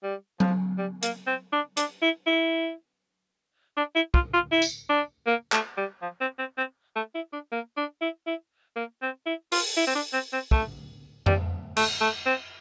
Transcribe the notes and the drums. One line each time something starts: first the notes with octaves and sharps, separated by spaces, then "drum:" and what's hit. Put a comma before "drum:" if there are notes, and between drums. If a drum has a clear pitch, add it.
G3
F3, drum: tom F#3
G3
A#3, drum: hi-hat
C4
D4
D4, drum: hi-hat
E4
E4
D4
E4
F4, drum: kick
F4
E4
drum: tambourine
D4
A#3
A3, drum: clap
G3
F3
C4
C4
C4
A3
E4
D4
A#3
D4
E4
E4
A#3
C4
E4
F4, drum: open hi-hat
E4
C4
D4
C4
C4
A3, drum: kick
G3, drum: tom F2
A3, drum: cymbal
A3
C4